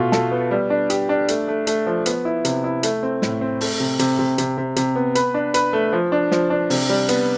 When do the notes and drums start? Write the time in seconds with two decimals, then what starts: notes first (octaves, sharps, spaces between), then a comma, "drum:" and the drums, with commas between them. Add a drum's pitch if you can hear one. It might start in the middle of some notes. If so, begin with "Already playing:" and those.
Already playing: B2 A3 F4
0.12 A4, drum: snare
0.31 B3
0.51 G3
0.70 D4
0.90 G4, drum: hi-hat
1.09 D4
1.28 A3, drum: hi-hat
1.48 A3
1.67 A3, drum: hi-hat
1.86 F3
2.06 B3, drum: hi-hat
2.25 E4
2.45 C3, drum: hi-hat
2.64 E4
2.83 A3, drum: hi-hat
3.03 C4
3.22 A2, drum: snare
3.41 C4
3.61 A3, drum: open hi-hat
3.80 C3
3.99 C3, drum: hi-hat
4.19 C3
4.38 C3, drum: hi-hat
4.58 C3
4.76 C3, drum: hi-hat
4.95 B3
5.15 B4, drum: hi-hat
5.34 D4
5.54 B4, drum: hi-hat
5.73 A3
5.93 F3
6.12 D4
6.31 F3, drum: snare
6.50 D4
6.70 C3, drum: open hi-hat
6.89 G3
7.09 B3, drum: hi-hat